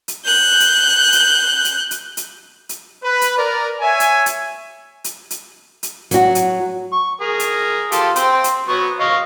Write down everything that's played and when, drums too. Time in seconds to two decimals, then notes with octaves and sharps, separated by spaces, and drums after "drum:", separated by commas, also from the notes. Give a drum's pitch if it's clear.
0.08 drum: hi-hat
0.24 F#6 G6
0.60 drum: hi-hat
1.12 drum: hi-hat
1.65 drum: hi-hat
1.91 drum: hi-hat
2.17 drum: hi-hat
2.69 drum: hi-hat
3.03 B4
3.21 drum: hi-hat
3.38 A#4 D5
3.81 C#5 E5 G#5
4.00 drum: hi-hat
4.26 drum: hi-hat
5.04 drum: hi-hat
5.30 drum: hi-hat
5.83 drum: hi-hat
6.11 F#3 F#4, drum: hi-hat
6.35 drum: hi-hat
6.92 C#6
7.21 G#4 A#4
7.40 drum: hi-hat
7.92 F4 G4 A4, drum: hi-hat
8.16 C4 G5 C6, drum: hi-hat
8.44 drum: hi-hat
8.68 F#3 B3 C#6
9.00 D#5 F5 C#6